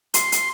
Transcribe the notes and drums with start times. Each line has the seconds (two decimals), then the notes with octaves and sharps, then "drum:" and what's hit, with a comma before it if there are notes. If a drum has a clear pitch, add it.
0.14 C6, drum: hi-hat
0.32 drum: hi-hat